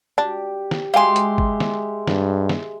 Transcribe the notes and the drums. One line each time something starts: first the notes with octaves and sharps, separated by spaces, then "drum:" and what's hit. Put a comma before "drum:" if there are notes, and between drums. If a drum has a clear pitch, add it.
D4 G4
drum: snare
G#3 G4 E5 F5 G#5 C6
drum: hi-hat
drum: kick
drum: snare
G2, drum: snare
drum: snare